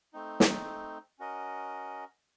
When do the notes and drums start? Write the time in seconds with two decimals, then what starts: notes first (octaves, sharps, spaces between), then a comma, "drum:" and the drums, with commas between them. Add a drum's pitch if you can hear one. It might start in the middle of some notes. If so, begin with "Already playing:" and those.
0.13 A3 C4 D#4
0.40 drum: snare
1.19 C#4 F#4 A#4 D#5